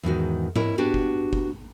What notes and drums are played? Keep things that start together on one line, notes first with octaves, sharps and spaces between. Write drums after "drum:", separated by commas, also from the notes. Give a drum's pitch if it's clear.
E2 G#2 D#3 F#4
E4 A#4 C#5 D#5, drum: tom G#2
B3 D4 F#4 G4
drum: kick F#1
drum: kick F#1